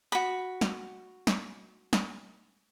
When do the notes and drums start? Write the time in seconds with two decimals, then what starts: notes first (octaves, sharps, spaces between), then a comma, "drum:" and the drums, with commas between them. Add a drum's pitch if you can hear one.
0.12 F#4 B5
0.61 drum: snare
1.27 drum: snare
1.93 drum: snare